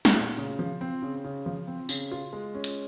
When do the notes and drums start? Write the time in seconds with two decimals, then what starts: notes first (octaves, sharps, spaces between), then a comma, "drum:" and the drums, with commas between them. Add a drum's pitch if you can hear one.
0.05 drum: snare
0.16 A#2
0.37 C#3
0.59 F3
0.81 C4
1.02 C#3
1.25 C#3
1.46 F3
1.68 C4
1.89 C#3, drum: tambourine
2.12 F4
2.33 G#3
2.55 C#4
2.64 drum: hi-hat